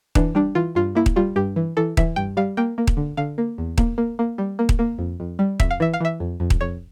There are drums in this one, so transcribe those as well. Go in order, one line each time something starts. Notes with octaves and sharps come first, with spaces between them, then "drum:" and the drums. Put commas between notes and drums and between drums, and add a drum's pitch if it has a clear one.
E3 D4, drum: kick D#1
G3 D4
E3 F4
G2 F4
A#3 E4
drum: kick D#1
G3 F4
G2 G4
E3
E3 A4
E3 E5, drum: kick D#1
G2 G5
G3 F5
A#3 G5
A#3
drum: kick D#1
D3
D3 F5
A#3
E2
A#3, drum: kick D#1
A#3
A#3
G3
A#3
drum: kick D#1
A#3
F2
F2
G3
F2 E5, drum: kick D#1
F5
E3 E5
F5
E3 E5
F2
F2
drum: kick D#1
F2 C#5